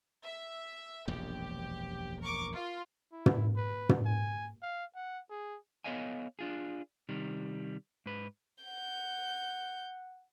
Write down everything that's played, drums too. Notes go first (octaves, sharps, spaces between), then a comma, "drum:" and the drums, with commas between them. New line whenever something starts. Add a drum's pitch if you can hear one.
E5
E1 A#1 F#2 G4
A#4 C#6 D6
F4
E4
drum: tom
B4
drum: tom
G#5
F5
F#5
G#4
B3 A4 C#5 D#5 F5 G#5
D4 F4 G#4
C3 D#3 G3
G#2 B4
F#5 G6